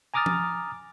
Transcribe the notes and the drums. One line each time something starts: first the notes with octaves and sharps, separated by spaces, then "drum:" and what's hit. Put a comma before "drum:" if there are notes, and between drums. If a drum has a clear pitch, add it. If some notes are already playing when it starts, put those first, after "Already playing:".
G#5 A#5 D6 D#6 F6 A6
drum: tom F3